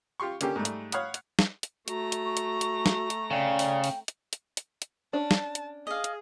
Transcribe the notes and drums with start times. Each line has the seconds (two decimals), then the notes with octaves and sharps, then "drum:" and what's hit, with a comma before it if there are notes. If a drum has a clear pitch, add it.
0.20 F4 G4 C6 C#6
0.41 D3 A#3 C#4 G4, drum: hi-hat
0.56 G#2 G3 A3
0.65 drum: hi-hat
0.92 C#5 F5 F#5 B5 D#6, drum: hi-hat
1.14 drum: hi-hat
1.39 drum: snare
1.63 drum: hi-hat
1.88 A3 F#4 A#5, drum: hi-hat
2.12 drum: hi-hat
2.25 C#6
2.37 drum: hi-hat
2.61 drum: hi-hat
2.86 drum: snare
3.10 drum: hi-hat
3.31 C#3 D5 G5
3.59 drum: open hi-hat
3.84 drum: open hi-hat
4.08 drum: hi-hat
4.33 drum: hi-hat
4.57 drum: hi-hat
4.82 drum: hi-hat
5.13 C#4 D4 A5
5.31 drum: snare
5.55 drum: hi-hat
5.87 G#4 D#5 F5
6.04 drum: hi-hat